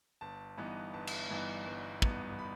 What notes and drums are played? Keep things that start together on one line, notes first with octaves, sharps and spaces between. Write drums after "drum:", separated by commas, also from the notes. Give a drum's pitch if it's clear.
G1 A5
G2 E3 B3 D#4
G1 A5
drum: cymbal
G2 E3 B3 D#4
G1
G2 E3 B3 D#4, drum: kick
B5